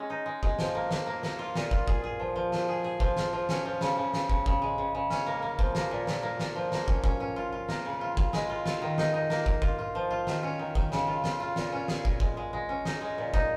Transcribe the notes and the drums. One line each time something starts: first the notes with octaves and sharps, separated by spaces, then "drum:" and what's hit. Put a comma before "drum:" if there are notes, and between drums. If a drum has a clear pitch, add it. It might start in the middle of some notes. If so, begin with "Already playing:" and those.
Already playing: G#3 C#4 G#4
D#4
G#3
G#3, drum: kick
F3, drum: snare
A#3
A#3, drum: snare
A#3
A#3, drum: snare
F4
A#2, drum: snare
F4, drum: kick
G#4, drum: kick
G#4
F3
F3
F3, drum: snare
G#4
G#4
F3, drum: kick
F4, drum: snare
F3
C#4, drum: snare
F3
C#3, drum: snare
C#3
C#3, drum: snare
C#3, drum: kick
C#3, drum: kick
G#3
C#3
C#3
C#4, drum: snare
A#3
A#3
F3, drum: kick
A#3, drum: snare
A#2
A#2, drum: snare
A#3
A#2, drum: snare
F3
A#3, drum: snare
C#4, drum: kick
C#4, drum: kick
C#4
F4
F4
A#3, drum: snare
C#3
F4
F4, drum: kick
G#3, drum: snare
F4
F4, drum: snare
D#3
D#4, drum: snare
D#4
A#3, drum: snare
A#3, drum: kick
F4, drum: kick
F4
F3
F4
D#3, drum: snare
C#4
D#3
D#3, drum: kick
C#3, drum: snare
F4
F4, drum: snare
F4
A#2, drum: snare
C#4
G#4, drum: snare
A#2, drum: kick
G#3, drum: kick
G#3
G#3
C#4
D#4, drum: snare
G#3
A#2
D#4, drum: kick